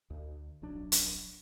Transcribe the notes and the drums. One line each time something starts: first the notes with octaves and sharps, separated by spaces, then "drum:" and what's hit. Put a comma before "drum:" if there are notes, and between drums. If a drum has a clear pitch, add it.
D2
D1 B1 F#3 D4
drum: hi-hat